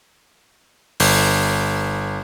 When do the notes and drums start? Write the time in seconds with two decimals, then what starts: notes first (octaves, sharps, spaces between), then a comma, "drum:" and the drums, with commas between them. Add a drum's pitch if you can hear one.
1.00 G1, drum: open hi-hat